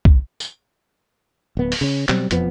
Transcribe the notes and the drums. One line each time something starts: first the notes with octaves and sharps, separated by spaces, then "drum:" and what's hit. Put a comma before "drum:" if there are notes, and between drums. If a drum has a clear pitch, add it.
drum: kick C2
drum: tambourine
D1 B3
drum: open hi-hat
C#3 C#4
B2 F#3 G3 C4, drum: clap
E1 F2 F3 B3, drum: hi-hat